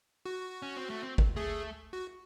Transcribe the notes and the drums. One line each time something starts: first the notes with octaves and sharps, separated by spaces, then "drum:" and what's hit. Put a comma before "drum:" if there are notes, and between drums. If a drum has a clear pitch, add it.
F#4
C#4
C4
A3
C4
drum: kick
A3 G#4
F#4